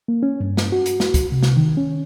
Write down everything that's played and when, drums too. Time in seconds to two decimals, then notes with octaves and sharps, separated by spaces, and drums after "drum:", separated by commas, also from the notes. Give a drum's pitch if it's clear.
0.08 A#3
0.23 C#4
0.40 G2
0.57 drum: snare
0.72 F#4
0.86 drum: hi-hat
1.00 drum: snare
1.14 drum: kick, hi-hat
1.32 C3
1.43 drum: snare
1.57 D#3
1.77 C#4